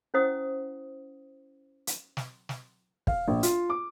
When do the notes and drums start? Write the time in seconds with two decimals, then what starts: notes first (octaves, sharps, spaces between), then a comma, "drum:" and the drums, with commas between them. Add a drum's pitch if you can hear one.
0.14 C#4 E4 C5 F#5 D#6
1.87 drum: hi-hat
2.17 drum: snare
2.49 drum: snare
3.07 F5, drum: kick
3.28 A#1
3.43 F4, drum: hi-hat
3.70 D6